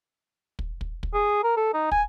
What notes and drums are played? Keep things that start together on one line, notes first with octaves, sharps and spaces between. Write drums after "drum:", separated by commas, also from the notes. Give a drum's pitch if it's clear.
drum: kick
drum: kick
drum: kick
G#4
A#4
A4
D#4
G#5, drum: kick